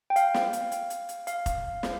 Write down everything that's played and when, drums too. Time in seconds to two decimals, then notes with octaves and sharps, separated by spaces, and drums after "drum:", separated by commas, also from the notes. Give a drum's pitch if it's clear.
0.10 G5
0.16 F5, drum: hi-hat
0.34 drum: snare
0.53 drum: hi-hat
0.72 drum: hi-hat
0.90 drum: hi-hat
1.09 drum: hi-hat
1.27 F5, drum: hi-hat
1.46 drum: kick F1, hi-hat
1.83 drum: snare